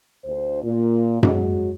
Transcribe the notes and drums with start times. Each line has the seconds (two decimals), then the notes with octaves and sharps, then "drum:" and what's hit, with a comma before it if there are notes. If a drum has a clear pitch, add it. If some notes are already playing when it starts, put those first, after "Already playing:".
0.25 D2 C5
0.63 A#2
1.23 F#3 G#3 F#4, drum: tom F#2